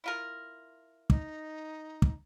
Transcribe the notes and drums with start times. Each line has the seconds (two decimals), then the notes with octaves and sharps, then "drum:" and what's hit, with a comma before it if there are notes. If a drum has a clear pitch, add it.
0.04 E4 F4 A#4
1.10 D#4, drum: kick
2.02 drum: kick